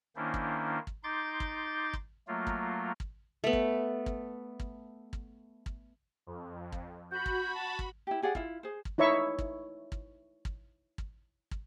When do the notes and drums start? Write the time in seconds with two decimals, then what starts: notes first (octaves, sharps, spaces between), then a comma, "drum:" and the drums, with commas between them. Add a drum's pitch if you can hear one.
0.16 D#3 A#3 C#4 D4 E4 C5
0.34 drum: kick
0.87 drum: kick
1.04 D#4 C6 D6 G6 A6
1.40 drum: kick
1.93 drum: kick
2.28 F#3 A3 A#3 F4
2.47 drum: kick
3.00 drum: kick
3.44 A3 B3
3.53 drum: kick
4.06 drum: kick
4.60 drum: kick
5.13 drum: kick
5.66 drum: kick
6.27 F2
6.72 drum: kick
7.11 F#4 B5 G6
7.26 drum: kick
7.55 A5
7.79 drum: kick
8.07 E4 G4
8.22 G4 G#4 D5 F#5
8.35 E4 F4, drum: kick
8.63 G#4 C5
8.85 drum: kick
8.98 D#4 E4 C#5 E5 C#6
9.38 drum: kick
9.92 drum: kick
10.45 drum: kick
10.98 drum: kick
11.51 drum: kick